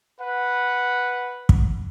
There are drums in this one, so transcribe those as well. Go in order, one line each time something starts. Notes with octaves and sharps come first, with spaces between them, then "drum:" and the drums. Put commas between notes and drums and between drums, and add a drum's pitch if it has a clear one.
B4 F#5
drum: kick